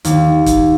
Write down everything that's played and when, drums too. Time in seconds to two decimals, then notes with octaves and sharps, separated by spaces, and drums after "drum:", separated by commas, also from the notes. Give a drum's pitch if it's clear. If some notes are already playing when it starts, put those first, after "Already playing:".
0.05 D#2, drum: hi-hat
0.46 drum: kick, hi-hat